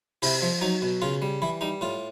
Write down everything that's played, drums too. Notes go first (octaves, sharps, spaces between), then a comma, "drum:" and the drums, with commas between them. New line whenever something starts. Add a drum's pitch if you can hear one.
C3 E4, drum: open hi-hat
F3
F#3 D#4
B2
C#3 F4
G3
E3 E4
G3 D#4
A2 F4